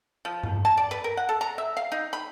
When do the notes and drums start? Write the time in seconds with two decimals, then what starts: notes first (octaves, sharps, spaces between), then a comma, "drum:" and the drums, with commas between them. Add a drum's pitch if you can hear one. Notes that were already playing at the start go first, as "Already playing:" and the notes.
0.25 F3
0.43 drum: tom G2
0.65 A5
0.77 D5
0.91 B4
1.04 A#4
1.17 F#5
1.29 A4
1.41 A#5
1.58 E5
1.77 F5
1.92 D#4
2.13 B5